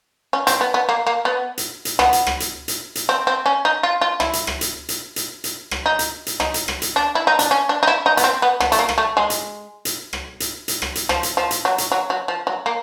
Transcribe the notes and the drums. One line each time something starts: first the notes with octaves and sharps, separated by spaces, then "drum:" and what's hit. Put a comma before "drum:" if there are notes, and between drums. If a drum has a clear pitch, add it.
C#4
C4, drum: hi-hat
B3
B3
A#3
A#3
B3
drum: hi-hat
drum: hi-hat
B3, drum: rim click
drum: hi-hat
drum: rim click
drum: hi-hat
drum: hi-hat
drum: hi-hat
C4
C4
C#4
D#4
F4
F4
E4, drum: rim click
drum: hi-hat
drum: rim click
drum: hi-hat
drum: hi-hat
drum: hi-hat
drum: hi-hat
drum: rim click
D#4
drum: hi-hat
drum: hi-hat
D#4, drum: rim click
drum: hi-hat
drum: rim click
drum: hi-hat
D4
E4
D#4
D4, drum: hi-hat
C#4
D4
D#4
E4
D#4
B3, drum: hi-hat
C4
B3
B3, drum: rim click
A3, drum: hi-hat
A#3
drum: rim click
A3
G#3
drum: hi-hat
drum: hi-hat
drum: rim click
drum: hi-hat
drum: hi-hat
drum: rim click
drum: hi-hat
F3, drum: rim click
drum: hi-hat
F3
drum: hi-hat
F#3
drum: hi-hat
F#3
F#3
F3
F#3
A#3